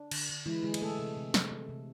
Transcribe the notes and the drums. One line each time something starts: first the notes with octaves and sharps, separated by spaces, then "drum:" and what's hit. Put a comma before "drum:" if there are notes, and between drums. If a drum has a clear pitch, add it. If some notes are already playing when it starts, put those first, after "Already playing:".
Already playing: D4
D3, drum: cymbal
D3
E3 G#3 E4
D3 G#3 G#4
G#4, drum: cymbal
G#3 A3 A4
C3
C3
C3, drum: snare
A3
C3